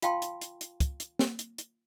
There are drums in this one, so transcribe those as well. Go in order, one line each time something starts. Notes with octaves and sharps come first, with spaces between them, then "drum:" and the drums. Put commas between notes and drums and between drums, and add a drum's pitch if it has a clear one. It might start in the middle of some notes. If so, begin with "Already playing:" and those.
F4 F5 G5 A5 C6, drum: hi-hat
drum: hi-hat
drum: hi-hat
drum: hi-hat
drum: kick, hi-hat
drum: hi-hat
drum: snare
drum: hi-hat
drum: hi-hat